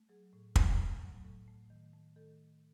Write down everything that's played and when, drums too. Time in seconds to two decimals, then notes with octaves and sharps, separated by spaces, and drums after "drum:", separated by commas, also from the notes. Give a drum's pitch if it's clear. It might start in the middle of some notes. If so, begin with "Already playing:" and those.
Already playing: A3
0.09 F#3 G#4
0.33 A2
0.56 A2, drum: kick
0.78 A3
1.01 F#3
1.25 A2
1.48 A3
1.70 D#3
1.93 A3
2.16 D#3 A4